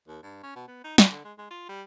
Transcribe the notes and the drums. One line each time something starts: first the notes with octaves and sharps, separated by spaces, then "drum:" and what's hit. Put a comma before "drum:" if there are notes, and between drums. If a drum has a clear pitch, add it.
D#2
G2
C#4
B2
B3
D#4
F4, drum: snare
D3
G#3
G#3
F4
G3